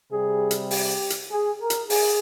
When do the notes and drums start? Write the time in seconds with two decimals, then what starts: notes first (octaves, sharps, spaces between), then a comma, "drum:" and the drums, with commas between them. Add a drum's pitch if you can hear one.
0.11 C3 G3 G#4
0.51 drum: hi-hat
0.71 G4, drum: open hi-hat
1.10 drum: hi-hat
1.31 G#4
1.60 A#4
1.70 drum: hi-hat
1.90 G#4, drum: open hi-hat